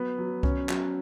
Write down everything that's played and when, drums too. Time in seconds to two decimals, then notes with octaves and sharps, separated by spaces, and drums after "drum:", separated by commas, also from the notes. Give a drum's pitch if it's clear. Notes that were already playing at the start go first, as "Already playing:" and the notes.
Already playing: F#3 B3 B5
0.18 F#3
0.43 C#4, drum: kick C2
0.69 F#3, drum: clap